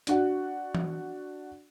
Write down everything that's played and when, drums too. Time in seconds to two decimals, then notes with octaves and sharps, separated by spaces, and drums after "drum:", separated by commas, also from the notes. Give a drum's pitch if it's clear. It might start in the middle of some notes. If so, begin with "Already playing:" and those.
0.07 D4 F#4 F#5, drum: hi-hat
0.75 drum: tom E3